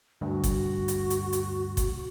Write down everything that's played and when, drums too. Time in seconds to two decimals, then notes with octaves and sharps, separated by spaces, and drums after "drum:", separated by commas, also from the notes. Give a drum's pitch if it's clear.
0.21 D2 G2 F#4
0.44 drum: kick G1, hi-hat
0.88 drum: hi-hat
1.10 drum: hi-hat
1.33 drum: hi-hat
1.77 drum: kick G1, hi-hat